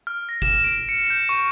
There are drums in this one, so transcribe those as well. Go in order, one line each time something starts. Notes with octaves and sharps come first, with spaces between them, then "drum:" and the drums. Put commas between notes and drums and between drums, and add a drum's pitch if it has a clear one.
F6
A#6
E7, drum: kick F#1
D7
C#7
G6
C#6